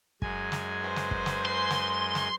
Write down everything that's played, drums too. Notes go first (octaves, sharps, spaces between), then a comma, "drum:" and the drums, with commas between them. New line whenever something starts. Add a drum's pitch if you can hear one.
F#2 G#3 G#5, drum: kick
drum: snare
B4 C5
drum: snare
drum: kick
drum: snare
C6
drum: snare
drum: snare